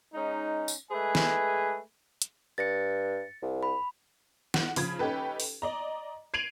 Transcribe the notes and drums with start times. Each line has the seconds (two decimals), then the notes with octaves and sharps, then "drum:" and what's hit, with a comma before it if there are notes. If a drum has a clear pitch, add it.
0.14 G#3 C#4 D#4
0.68 drum: tambourine
0.90 G#3 A3 G#4 B4 G#5
1.15 drum: snare
2.22 drum: hi-hat
2.58 G2 A6 A#6 C#7
3.42 C2
3.63 B5
4.54 F#5, drum: snare
4.76 C#3 F3 B5 G#6, drum: open hi-hat
4.99 C#4 D#4 G4 A4 B4
5.40 drum: open hi-hat
5.62 D5 D#5 A#5
6.34 G#6 C7 D7 D#7 F7 F#7